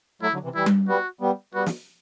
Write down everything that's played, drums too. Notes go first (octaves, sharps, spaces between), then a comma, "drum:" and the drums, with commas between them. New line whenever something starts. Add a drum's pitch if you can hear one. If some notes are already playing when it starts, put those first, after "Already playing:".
F#3 A3 E4
D3 F#3
C3 E3
E3 G3 E4
drum: tom G3
G3 B3 F#4
G3 B3
G3 B3 F#4
drum: snare